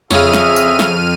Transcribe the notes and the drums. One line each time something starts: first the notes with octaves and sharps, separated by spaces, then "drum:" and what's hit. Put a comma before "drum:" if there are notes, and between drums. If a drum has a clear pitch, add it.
F2 C#3 C#4 G#4 D#5 E5 F6 D#7, drum: snare
drum: snare
drum: tambourine
drum: snare